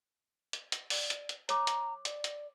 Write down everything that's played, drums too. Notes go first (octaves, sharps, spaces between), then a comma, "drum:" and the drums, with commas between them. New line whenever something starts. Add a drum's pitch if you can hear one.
drum: hi-hat
drum: hi-hat
D5, drum: open hi-hat
drum: hi-hat
drum: hi-hat
C#5 A#5 D6, drum: hi-hat
drum: hi-hat
D5, drum: hi-hat
drum: hi-hat